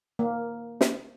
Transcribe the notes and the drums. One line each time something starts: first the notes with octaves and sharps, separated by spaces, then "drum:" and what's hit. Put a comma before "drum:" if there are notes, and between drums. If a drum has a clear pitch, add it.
A#3
drum: snare